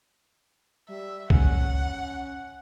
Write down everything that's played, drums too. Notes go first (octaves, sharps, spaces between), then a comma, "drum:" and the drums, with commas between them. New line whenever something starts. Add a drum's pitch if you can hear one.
G3 E5
C#4 F#5, drum: kick C2